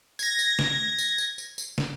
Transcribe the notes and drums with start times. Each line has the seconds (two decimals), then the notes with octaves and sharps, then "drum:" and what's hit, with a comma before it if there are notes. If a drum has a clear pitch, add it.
0.19 G#6 A#6, drum: tambourine
0.39 drum: tambourine
0.59 drum: snare
0.98 drum: tambourine
1.18 drum: tambourine
1.38 drum: tambourine
1.58 drum: tambourine
1.78 drum: snare